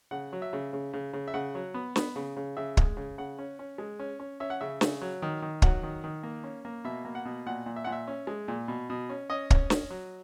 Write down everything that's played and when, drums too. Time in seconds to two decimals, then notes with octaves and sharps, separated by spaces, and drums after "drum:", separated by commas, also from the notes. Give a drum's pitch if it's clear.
0.11 C#3 F#5
0.33 F#3
0.42 E5
0.53 C#3
0.73 C#3
0.93 C#3
1.13 C#3
1.28 E5
1.34 C#3 F#5
1.55 F#3
1.74 B3
1.96 B3, drum: snare
2.16 C#3
2.37 C#3
2.57 C#3 E5
2.77 G#3, drum: kick
2.97 C#3
3.18 C#3 F#5
3.39 C#4
3.59 C#4
3.78 G#3
3.99 C#4
4.20 C#4
4.40 C#4 E5
4.50 F#5
4.61 C#3 E5
4.81 C#3, drum: snare
5.01 F#3
5.22 D#3
5.42 D#3
5.62 F#3 F#5, drum: kick
5.83 D#3
6.04 D#3
6.23 A#3
6.44 C#4
6.65 A#3
6.84 B2 E5
7.05 A#3
7.15 F#5
7.25 B2
7.46 A#2 F#5
7.66 A#2
7.76 E5
7.85 A#2 F#5
7.92 E5
8.07 C#4
8.27 G#3
8.48 A#2
8.68 B2
8.90 B2
9.10 C#4
9.30 C#4 D#5
9.50 C#4, drum: kick
9.70 C#4, drum: snare
9.90 F#3